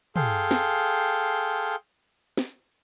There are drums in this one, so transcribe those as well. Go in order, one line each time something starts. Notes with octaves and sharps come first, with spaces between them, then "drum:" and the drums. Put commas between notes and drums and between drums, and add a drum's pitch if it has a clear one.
G#4 A4 F5 G5 C6, drum: tom
drum: snare
drum: snare